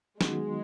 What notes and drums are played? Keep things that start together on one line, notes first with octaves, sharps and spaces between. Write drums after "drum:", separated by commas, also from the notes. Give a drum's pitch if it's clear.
D#3 F#3 G#3 B3 D#4 F#4, drum: snare